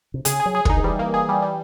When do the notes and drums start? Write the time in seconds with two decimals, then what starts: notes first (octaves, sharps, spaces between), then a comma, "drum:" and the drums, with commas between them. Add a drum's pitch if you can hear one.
0.14 C3
0.25 C#3 G#4, drum: hi-hat
0.40 G#4
0.46 F#3
0.55 G#4
0.65 D3 D#4, drum: kick
0.77 D#3
0.84 E3 G3
0.99 A#3
1.14 G#4
1.29 G3
1.42 G3